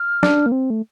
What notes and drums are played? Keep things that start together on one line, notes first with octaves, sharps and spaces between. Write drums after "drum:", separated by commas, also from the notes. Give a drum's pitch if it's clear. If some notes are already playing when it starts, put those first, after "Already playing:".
Already playing: F6
D4, drum: snare
A#3
C4
A3